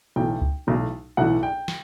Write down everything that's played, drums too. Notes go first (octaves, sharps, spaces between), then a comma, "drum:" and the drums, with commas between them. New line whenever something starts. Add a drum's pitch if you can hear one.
B1 A2 E3 G5
drum: kick C#2
B1 A2 E3
B1 A2 E3 F#5
G5
drum: snare